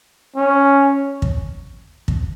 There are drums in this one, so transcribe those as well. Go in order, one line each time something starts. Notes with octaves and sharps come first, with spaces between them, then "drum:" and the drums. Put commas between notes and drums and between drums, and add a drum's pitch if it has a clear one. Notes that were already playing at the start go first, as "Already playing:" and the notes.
C#4
drum: kick
drum: kick